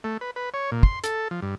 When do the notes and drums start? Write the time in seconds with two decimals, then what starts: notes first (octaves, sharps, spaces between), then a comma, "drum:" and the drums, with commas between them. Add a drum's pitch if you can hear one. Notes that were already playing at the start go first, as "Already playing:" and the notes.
0.04 A3
0.21 B4
0.36 B4
0.54 C#5
0.72 A#2
0.83 C6, drum: kick
1.04 A4, drum: hi-hat
1.31 F3
1.42 G2